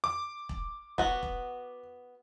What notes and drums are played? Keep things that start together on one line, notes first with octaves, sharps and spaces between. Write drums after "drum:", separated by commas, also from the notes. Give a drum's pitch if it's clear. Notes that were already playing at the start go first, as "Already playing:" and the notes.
D6
drum: kick E1
B3 F#4, drum: kick E1
drum: kick E1